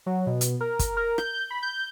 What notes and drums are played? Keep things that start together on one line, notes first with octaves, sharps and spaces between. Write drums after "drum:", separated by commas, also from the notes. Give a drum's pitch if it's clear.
F#3
B2
drum: hi-hat
A#4
drum: kick, hi-hat
A#4
G6, drum: rim click
B5
G6